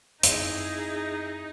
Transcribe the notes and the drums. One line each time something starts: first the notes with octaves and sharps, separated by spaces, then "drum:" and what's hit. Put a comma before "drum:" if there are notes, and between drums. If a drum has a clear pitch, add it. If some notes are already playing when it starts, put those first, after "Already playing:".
F#2 C4 D#4 E4 G#4, drum: hi-hat